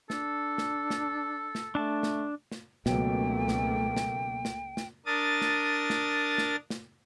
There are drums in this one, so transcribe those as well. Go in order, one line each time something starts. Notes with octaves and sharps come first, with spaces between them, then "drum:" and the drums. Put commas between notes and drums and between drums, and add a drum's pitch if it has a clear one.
D4 A4, drum: snare
drum: snare
drum: snare
drum: snare
A3 D4 A5
drum: snare
drum: snare
C#2 B2 F#3 A3 A#3 G5, drum: snare
drum: snare
drum: snare
drum: snare
drum: snare
D4 A#4 D#6 A6
drum: snare
drum: snare
drum: snare
drum: snare